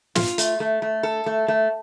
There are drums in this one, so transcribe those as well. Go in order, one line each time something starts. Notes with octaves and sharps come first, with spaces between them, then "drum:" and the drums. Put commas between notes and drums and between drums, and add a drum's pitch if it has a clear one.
F4, drum: snare
A3, drum: hi-hat
A3
A3
A4
A3
A3